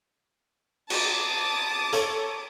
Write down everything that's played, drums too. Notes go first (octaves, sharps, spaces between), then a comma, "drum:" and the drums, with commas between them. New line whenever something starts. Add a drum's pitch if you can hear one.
A5 D6 D#6, drum: cymbal
A4 C#5, drum: hi-hat